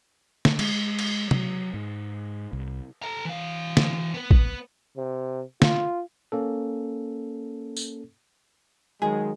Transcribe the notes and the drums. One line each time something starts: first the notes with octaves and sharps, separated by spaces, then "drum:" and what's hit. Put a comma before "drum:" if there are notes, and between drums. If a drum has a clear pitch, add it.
drum: snare
G#3, drum: cymbal
drum: cymbal
F#3, drum: tom C3
G#2
C2
A4 A#5
E3 F5
drum: snare
B3 B4
drum: kick
C3
F4, drum: snare
A#3 C#4 A4
drum: tambourine
D#3 F#3 G#3 G#4